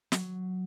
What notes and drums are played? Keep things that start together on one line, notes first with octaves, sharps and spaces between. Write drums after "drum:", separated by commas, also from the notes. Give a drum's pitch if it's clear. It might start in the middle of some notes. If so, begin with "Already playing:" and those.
F#3, drum: snare